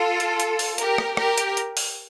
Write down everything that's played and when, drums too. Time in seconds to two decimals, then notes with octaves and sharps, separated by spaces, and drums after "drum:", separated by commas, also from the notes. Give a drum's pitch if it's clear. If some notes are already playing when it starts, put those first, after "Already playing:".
Already playing: F4 A4
0.20 drum: hi-hat
0.40 drum: hi-hat
0.59 drum: open hi-hat
0.78 G4 A#4, drum: hi-hat
0.98 drum: rim click
1.17 G4 A#4, drum: rim click
1.38 drum: hi-hat
1.57 drum: hi-hat
1.77 drum: open hi-hat